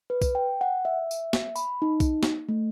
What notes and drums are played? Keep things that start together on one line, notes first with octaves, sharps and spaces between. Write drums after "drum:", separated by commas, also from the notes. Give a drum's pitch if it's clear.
B4
drum: kick B1, tambourine
G5
F#5
E5
drum: tambourine
drum: snare
B5, drum: tambourine
D#4
drum: kick B1, tambourine
drum: snare
A3